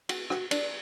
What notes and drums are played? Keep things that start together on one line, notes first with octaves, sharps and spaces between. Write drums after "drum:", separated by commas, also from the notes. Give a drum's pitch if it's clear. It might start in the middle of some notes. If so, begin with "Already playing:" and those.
F#4, drum: cymbal
F#4, drum: rim click
D4, drum: cymbal